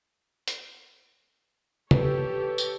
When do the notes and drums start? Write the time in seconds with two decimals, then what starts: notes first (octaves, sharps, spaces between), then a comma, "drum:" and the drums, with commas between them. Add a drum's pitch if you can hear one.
0.48 drum: hi-hat
1.91 G4 A4 B4 C#5, drum: tom
2.58 drum: tambourine